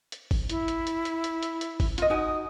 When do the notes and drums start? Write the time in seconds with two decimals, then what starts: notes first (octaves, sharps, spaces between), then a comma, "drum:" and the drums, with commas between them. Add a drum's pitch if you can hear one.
0.12 drum: hi-hat
0.31 drum: kick G1, open hi-hat
0.50 E4, drum: hi-hat
0.68 drum: hi-hat
0.87 drum: hi-hat
1.05 drum: hi-hat
1.24 drum: hi-hat
1.43 drum: hi-hat
1.61 drum: hi-hat
1.80 drum: kick G1, open hi-hat
1.98 F4 D#5, drum: hi-hat
2.10 D#4 F#4 G#5 D#6